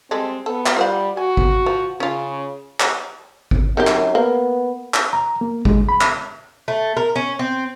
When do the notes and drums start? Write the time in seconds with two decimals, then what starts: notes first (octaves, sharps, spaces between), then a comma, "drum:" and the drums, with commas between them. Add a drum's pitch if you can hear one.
0.11 G3 G#3 C4 A4
0.46 B3 A4
0.66 drum: clap
0.76 G3 F4 C5 F#5
1.17 F#4 G#5
1.37 drum: kick G#1
1.66 F3
2.00 C#3 C#4 F4
2.80 drum: clap
3.51 drum: kick G#1
3.77 F#2 D#3 C4 G4
3.87 drum: clap
4.15 A#3 B3
4.94 drum: clap
5.13 A#5
5.41 A#3
5.65 G#3, drum: kick G#1
5.89 B5
6.01 drum: clap
6.68 A3
6.97 A#4
7.16 C#4
7.39 C4